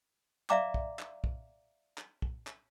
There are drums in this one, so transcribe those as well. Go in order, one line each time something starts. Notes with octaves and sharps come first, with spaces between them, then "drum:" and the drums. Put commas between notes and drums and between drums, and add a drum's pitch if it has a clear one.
D5 E5 F5 A#5 D6, drum: clap
drum: kick
drum: clap
drum: kick
drum: clap
drum: kick
drum: clap